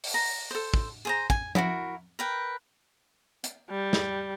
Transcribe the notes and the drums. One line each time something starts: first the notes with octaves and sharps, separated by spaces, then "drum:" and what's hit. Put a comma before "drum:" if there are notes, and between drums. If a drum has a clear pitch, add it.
drum: open hi-hat
A#5
A4 C5
drum: kick
G#4 C5 A#5
G#5, drum: kick
E4 F#4 A4 A#4, drum: tom F3
A#4 B4 G5
drum: hi-hat
G3
drum: snare